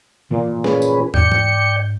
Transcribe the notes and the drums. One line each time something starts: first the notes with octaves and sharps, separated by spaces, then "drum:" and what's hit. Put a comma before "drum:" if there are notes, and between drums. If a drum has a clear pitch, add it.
A#2 E3 F3 A#3
C#4 G#4 B4, drum: snare
drum: tambourine
G#2 D5 G5 G6 C#7, drum: tom
drum: tom E3